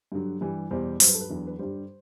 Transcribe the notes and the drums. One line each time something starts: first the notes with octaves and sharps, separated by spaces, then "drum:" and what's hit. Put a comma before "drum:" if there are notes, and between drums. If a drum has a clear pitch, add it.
G2 D3 F#3
G2 E3 G3
E2 B2 G3 C5
G2 F#3 C5, drum: open hi-hat
B4
A4
B4
E2 D3 F#3
B4
G2 D3 G3 C5